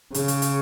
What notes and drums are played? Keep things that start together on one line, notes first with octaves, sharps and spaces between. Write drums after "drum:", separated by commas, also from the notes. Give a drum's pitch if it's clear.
C#3, drum: hi-hat
drum: hi-hat
drum: hi-hat